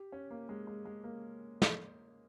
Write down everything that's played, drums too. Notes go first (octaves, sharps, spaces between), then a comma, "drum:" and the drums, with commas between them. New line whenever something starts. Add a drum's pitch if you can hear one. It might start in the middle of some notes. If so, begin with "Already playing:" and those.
Already playing: G4
C#4
A#3
G#3
G#3
G#3
A#3
drum: snare